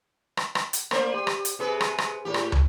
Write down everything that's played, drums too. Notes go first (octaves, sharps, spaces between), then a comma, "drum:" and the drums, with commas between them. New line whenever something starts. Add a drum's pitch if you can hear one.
drum: rim click
drum: rim click
drum: hi-hat
A3 C5 D5, drum: rim click
G4
drum: rim click
drum: hi-hat
C3 G#4 B4
drum: rim click
drum: rim click
A2 G4
drum: rim click
drum: tom